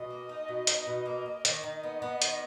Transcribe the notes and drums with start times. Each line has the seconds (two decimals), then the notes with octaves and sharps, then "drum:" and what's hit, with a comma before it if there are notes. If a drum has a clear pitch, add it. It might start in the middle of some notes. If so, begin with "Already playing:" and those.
Already playing: B2 D#5
0.10 A#3
0.29 D#4
0.48 B2
0.67 D#4, drum: hi-hat
0.87 B2
1.06 A#3
1.26 A#3
1.45 D#3 D#5, drum: hi-hat
1.63 D#3
1.83 B3
2.02 B3
2.22 D#3, drum: hi-hat